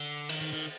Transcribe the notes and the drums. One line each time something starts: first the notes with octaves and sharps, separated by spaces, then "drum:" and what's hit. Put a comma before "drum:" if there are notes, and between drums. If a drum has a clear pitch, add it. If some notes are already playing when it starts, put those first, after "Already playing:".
Already playing: D3
D#3, drum: cymbal
D#3
D#3